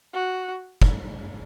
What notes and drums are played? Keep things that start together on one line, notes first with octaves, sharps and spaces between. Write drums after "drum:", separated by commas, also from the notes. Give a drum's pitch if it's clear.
F#4
drum: kick